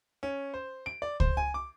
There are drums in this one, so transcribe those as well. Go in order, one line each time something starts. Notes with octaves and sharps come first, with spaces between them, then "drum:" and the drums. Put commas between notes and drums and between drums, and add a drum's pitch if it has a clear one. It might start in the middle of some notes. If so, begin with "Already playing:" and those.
C#4
C5
D7
D5
C5, drum: kick C#2
G#5
D6